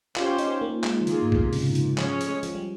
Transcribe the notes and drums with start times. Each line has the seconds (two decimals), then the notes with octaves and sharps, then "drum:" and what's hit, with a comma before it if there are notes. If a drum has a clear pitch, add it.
0.16 C#4 F4 G4 C5, drum: clap
0.29 F4
0.39 D#4, drum: hi-hat
0.61 A#3
0.84 G#3, drum: clap
1.01 F3
1.07 D#3 A#3 F4 G#4, drum: hi-hat
1.22 G#2
1.32 A#2, drum: kick
1.43 C3
1.53 C#3, drum: open hi-hat
1.75 drum: hi-hat
1.98 F3 G#3 C#4 G#4 C#5, drum: clap
2.21 drum: hi-hat
2.43 F3, drum: hi-hat
2.55 G3